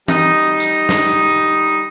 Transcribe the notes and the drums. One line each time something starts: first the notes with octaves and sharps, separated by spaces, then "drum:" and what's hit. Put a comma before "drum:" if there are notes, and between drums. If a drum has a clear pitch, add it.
G3 D#4, drum: tom E3
drum: hi-hat
drum: snare